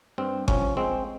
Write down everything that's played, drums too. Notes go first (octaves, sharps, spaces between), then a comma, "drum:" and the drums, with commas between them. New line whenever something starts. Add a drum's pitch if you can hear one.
G2 C4
F3 C#4, drum: kick G1
G#3 C4